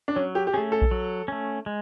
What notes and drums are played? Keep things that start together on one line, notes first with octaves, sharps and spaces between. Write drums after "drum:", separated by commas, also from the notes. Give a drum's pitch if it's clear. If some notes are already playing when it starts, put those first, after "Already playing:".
D4
F#3 C#4
G4
G4
A3 C#4 G#4
A4
drum: kick A#1
F#3
A3 C#4
G#3